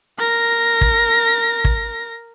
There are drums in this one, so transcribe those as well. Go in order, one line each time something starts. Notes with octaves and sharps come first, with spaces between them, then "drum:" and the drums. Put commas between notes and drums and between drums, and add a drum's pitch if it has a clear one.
A#4 A#6
drum: kick
drum: kick